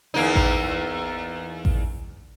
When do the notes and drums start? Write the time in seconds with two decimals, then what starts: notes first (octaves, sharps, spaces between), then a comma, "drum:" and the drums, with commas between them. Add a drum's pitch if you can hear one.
0.14 E2 A#3 D#4
0.36 drum: kick A1
1.65 drum: kick A1